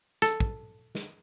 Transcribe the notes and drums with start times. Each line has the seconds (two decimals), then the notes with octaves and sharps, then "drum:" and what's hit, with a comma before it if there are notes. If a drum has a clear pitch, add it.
0.22 A4, drum: snare
0.40 drum: kick
0.95 drum: snare